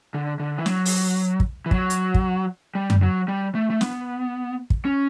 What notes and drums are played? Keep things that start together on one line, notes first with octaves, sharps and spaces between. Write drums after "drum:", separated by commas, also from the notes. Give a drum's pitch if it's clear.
D3
D3
E3
F#3, drum: snare
drum: open hi-hat
drum: kick
E3
F#3, drum: kick
drum: hi-hat
drum: kick
G3
drum: tom F#2
F#3
G3
A3
A3
B3, drum: snare
drum: kick
C#4